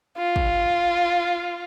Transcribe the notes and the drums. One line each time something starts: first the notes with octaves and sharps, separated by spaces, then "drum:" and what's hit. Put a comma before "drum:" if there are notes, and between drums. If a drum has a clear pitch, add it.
F4
drum: kick